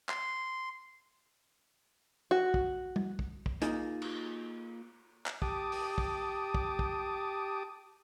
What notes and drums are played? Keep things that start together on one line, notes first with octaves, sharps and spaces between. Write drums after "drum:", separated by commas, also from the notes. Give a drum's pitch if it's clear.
C6, drum: clap
F#4
drum: kick
drum: tom G3
drum: kick
drum: kick
A#3 D#4 F4 G#4, drum: hi-hat
drum: cymbal
drum: clap
G4 A5 D6 D#6, drum: kick
drum: open hi-hat
drum: kick
drum: kick
drum: kick